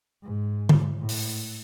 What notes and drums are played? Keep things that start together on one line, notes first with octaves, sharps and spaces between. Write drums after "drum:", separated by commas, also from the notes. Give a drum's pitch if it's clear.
G#2
drum: tom D3
A2
drum: open hi-hat